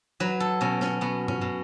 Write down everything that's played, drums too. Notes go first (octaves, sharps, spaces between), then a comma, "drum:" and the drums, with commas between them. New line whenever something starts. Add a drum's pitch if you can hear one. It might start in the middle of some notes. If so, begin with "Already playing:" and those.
F#3 B4
A4
B2 C#4
C#4, drum: snare
B2 B3
C#4, drum: tom G2
B2